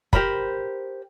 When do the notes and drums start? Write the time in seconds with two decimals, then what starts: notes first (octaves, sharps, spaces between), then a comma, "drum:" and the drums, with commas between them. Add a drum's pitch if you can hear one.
0.13 G4 A#4 C5 B5, drum: kick